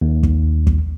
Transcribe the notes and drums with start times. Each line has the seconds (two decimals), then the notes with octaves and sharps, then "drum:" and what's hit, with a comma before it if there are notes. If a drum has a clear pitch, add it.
0.01 D#2
0.23 drum: kick
0.67 drum: kick